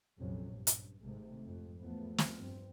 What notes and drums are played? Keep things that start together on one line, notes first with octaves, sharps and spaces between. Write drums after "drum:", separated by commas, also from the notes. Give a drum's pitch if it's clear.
A#1 F2 C3 F#3 C#4
G2
drum: hi-hat
G#1 G#2 C3 A3
F2
E2 F3 A3 B3
drum: snare
G2 C4